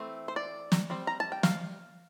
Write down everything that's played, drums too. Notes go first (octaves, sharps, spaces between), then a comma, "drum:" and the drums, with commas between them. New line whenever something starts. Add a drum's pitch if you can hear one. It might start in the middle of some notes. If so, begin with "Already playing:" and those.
Already playing: E3 A3 C4
C5
D5
drum: snare
G3 C4
A#5
A5
G5
F5, drum: snare